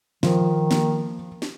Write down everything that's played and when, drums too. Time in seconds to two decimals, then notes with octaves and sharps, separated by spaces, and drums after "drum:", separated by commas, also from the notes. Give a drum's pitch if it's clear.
0.23 D#3 F3, drum: snare
0.71 A#3, drum: snare
1.42 drum: snare